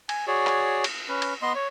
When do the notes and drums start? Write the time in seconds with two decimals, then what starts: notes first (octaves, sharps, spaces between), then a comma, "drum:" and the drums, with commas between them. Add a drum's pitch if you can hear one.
0.09 G#5, drum: cymbal
0.27 F#4 G#4 C#5 D5
0.47 drum: clap
0.84 drum: cymbal
1.09 C#4 B4
1.22 drum: cymbal
1.42 B3 D#5 C6
1.55 C#5